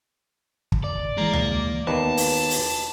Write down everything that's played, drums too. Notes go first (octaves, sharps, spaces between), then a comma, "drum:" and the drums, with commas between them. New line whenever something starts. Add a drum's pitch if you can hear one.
drum: kick
D5
E3 G#3 A#3 A#5
drum: tom C#2
D#2 B3 B4 A5
drum: open hi-hat
drum: open hi-hat